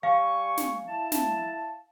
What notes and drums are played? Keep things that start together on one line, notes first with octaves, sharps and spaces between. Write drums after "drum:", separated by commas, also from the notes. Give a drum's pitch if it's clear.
G3 F5 G#5 C#6
drum: snare
E4 A5
drum: snare